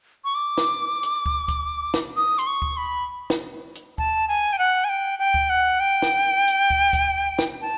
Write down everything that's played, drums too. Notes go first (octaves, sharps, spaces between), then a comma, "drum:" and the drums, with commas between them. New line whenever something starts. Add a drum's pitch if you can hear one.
C#6
D6
drum: snare
drum: hi-hat
drum: kick
drum: kick, hi-hat
drum: snare
D#6
C6, drum: hi-hat
C#6
drum: kick
B5
drum: snare
drum: hi-hat
A5, drum: kick
G#5
G5
F#5
G#5
G5
G5
drum: kick
F#5
G5
drum: snare
drum: hi-hat
drum: kick
drum: kick, hi-hat
drum: snare
A5